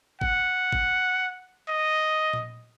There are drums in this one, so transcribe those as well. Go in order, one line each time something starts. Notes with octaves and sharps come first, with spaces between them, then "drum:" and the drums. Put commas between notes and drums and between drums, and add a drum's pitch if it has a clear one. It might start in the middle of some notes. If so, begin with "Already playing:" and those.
F#5, drum: kick
drum: kick
D#5
drum: tom A#2